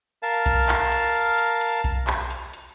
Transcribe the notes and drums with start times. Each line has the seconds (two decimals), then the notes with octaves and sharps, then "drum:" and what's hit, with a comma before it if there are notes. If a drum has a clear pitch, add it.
0.23 A#4 F5 A5
0.46 drum: kick B1, hi-hat
0.69 drum: clap
0.92 drum: hi-hat
1.15 drum: hi-hat
1.38 drum: hi-hat
1.61 drum: hi-hat
1.84 drum: kick B1, hi-hat
2.07 drum: clap
2.30 drum: hi-hat
2.54 drum: hi-hat